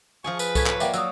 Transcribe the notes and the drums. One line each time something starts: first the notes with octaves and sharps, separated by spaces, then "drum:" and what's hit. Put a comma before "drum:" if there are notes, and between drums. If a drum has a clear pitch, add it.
F3 G#4 G#5 C#6
B4, drum: tambourine
A4 C#5 A5 G#6 B6, drum: kick C2, tambourine
drum: clap
A#3 C#5 D5 E5 F#5 G5, drum: tambourine
F#3 D#6 E6, drum: tambourine